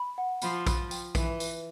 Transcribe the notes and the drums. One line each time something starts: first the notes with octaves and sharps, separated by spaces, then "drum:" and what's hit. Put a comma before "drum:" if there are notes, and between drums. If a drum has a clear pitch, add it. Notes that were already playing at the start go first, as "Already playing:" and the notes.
Already playing: B5
F#5
F3 B5, drum: tambourine
B5, drum: kick A#1, tambourine
G5, drum: tambourine
E3 B4, drum: kick A#1, tambourine
B4, drum: tambourine